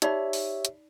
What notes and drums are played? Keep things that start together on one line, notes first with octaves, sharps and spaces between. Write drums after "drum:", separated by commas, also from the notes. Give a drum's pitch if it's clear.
D#4 G4 C#5 D5 E5 B5, drum: hi-hat
drum: open hi-hat
drum: hi-hat